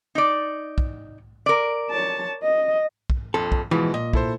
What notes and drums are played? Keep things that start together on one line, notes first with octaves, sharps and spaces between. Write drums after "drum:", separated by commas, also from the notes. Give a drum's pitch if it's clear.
D#4 D5
drum: kick
A#4 D5
C#5 A5
D#5
drum: kick
A#1 F2 A4 C6
drum: kick
B2 E3 F3 G#3
A#2 D#5
E4 A4 C5, drum: kick